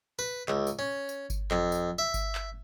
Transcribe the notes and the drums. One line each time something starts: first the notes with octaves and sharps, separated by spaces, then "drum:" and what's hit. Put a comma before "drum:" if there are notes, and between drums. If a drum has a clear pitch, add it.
B4
C#2, drum: clap
drum: tambourine
C#4
drum: tambourine
drum: kick G1, tambourine
F2, drum: clap
drum: tambourine
E5
drum: kick G1, tambourine
drum: clap